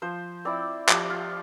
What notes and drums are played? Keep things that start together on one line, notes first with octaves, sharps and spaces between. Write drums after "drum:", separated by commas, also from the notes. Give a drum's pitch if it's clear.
F3 C5
C4 E4 D5
F3 G4, drum: clap
F4